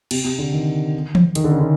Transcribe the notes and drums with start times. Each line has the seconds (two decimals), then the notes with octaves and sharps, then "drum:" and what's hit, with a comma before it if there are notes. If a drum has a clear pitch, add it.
0.11 C3, drum: cymbal
0.24 C3
0.38 D3
0.53 D#3
1.15 drum: tom E3
1.35 D#3, drum: hi-hat
1.44 D3
1.51 C#3
1.60 D3